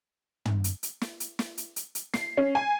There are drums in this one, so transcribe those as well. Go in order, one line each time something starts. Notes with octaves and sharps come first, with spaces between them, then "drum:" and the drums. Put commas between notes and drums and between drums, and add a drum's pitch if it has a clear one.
drum: tom
drum: hi-hat
drum: hi-hat
drum: snare
drum: hi-hat
drum: snare
drum: hi-hat
drum: hi-hat
drum: hi-hat
C7, drum: snare
C#4
G#5